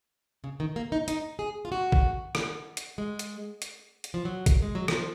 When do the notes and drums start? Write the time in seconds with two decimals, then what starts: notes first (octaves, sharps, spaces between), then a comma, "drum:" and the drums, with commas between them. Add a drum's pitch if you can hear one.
0.44 C#3
0.60 D#3
0.76 A#3
0.92 D#4
1.08 D#4, drum: hi-hat
1.39 G#4
1.65 F4
1.72 F#4
1.92 drum: kick
2.35 drum: rim click
2.77 drum: hi-hat
2.98 G#3
3.19 drum: hi-hat
3.62 drum: hi-hat
4.04 drum: hi-hat
4.14 F3
4.25 F#3
4.46 drum: kick, hi-hat
4.62 G#3
4.75 F#3
4.88 F3, drum: rim click